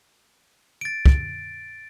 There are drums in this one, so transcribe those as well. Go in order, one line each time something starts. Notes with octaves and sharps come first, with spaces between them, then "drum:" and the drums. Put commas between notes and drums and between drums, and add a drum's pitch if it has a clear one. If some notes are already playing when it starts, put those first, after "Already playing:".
A6 D7
drum: kick